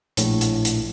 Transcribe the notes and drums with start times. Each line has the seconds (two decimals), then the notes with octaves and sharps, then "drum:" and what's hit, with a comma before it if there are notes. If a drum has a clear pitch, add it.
0.17 A#1 A2, drum: hi-hat
0.41 drum: hi-hat
0.65 drum: hi-hat